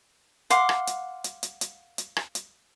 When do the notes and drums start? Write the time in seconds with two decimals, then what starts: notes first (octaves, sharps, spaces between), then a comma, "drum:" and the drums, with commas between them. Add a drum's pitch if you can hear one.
0.50 F5 F#5 C6 D6, drum: hi-hat
0.69 drum: rim click
0.87 drum: hi-hat
1.24 drum: hi-hat
1.43 drum: hi-hat
1.61 drum: hi-hat
1.98 drum: hi-hat
2.16 drum: rim click
2.35 drum: hi-hat